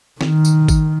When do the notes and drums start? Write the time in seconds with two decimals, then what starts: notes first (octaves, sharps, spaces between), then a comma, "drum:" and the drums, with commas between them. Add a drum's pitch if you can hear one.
0.21 D#3, drum: snare
0.45 drum: tambourine
0.68 drum: kick G#1, tambourine